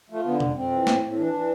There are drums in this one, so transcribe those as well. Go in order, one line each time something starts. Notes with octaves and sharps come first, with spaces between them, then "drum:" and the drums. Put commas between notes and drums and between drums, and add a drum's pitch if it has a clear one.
F3 A3
D3 B3
F2, drum: tom B2
F2 C4
E3
A2, drum: snare
A2
C4
E3 D4
E3